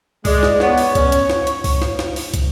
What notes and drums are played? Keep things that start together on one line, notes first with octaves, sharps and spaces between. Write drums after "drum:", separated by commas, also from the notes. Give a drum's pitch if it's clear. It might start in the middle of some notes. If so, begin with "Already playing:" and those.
G#3 D5, drum: kick, open hi-hat
drum: snare
B3 C#5, drum: snare
drum: open hi-hat
C#4, drum: kick, hi-hat
drum: hi-hat
drum: snare
drum: hi-hat
drum: kick, open hi-hat
drum: snare
drum: snare
drum: open hi-hat
drum: kick, hi-hat